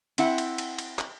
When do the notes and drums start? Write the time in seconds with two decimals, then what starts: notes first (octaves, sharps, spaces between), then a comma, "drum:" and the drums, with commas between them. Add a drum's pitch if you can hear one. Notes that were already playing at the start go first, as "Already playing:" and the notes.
0.18 C4 E4 F#5, drum: cymbal
0.38 drum: cymbal
0.58 drum: cymbal
0.79 drum: cymbal
0.99 drum: clap